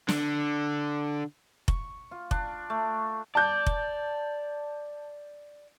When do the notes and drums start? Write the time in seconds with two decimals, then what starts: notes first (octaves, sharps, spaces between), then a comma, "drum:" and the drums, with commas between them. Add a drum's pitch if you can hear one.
0.08 D3, drum: snare
1.68 C#6, drum: kick F1
2.11 F4
2.31 D4, drum: kick F1
2.70 A3
3.35 D5 A5 G6
3.66 drum: kick F1